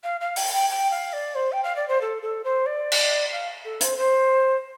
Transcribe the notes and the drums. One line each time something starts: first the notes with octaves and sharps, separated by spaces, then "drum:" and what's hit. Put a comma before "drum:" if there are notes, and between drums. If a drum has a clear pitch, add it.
F5
F5
G5, drum: open hi-hat
G5
G5
F5
D5
C5
G5
F5
D5
C5
A4
A4
C5
D5
drum: cymbal
F5
A4
C5, drum: hi-hat
C5